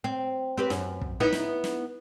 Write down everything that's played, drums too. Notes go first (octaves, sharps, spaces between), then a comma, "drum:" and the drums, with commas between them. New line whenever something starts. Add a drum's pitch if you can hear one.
C4
C4 G4 B4
F#2, drum: snare
drum: kick
B3 D#4 E4
drum: snare
drum: snare